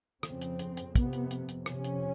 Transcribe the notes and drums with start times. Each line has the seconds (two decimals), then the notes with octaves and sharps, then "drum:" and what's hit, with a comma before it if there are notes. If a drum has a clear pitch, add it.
0.23 F2 C#3 C4, drum: rim click
0.42 drum: hi-hat
0.59 drum: hi-hat
0.77 drum: hi-hat
0.95 F2 C3 B3, drum: kick, hi-hat
1.13 drum: hi-hat
1.31 drum: hi-hat
1.49 drum: hi-hat
1.66 F2 C3 C#4, drum: rim click
1.85 drum: hi-hat